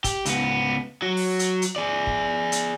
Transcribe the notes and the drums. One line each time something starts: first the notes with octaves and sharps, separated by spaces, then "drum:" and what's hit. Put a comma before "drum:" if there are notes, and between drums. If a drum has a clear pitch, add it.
G4, drum: kick, hi-hat
C#2 B3, drum: hi-hat
F#3
drum: open hi-hat
drum: hi-hat
drum: hi-hat
G#4 D5
drum: kick
drum: hi-hat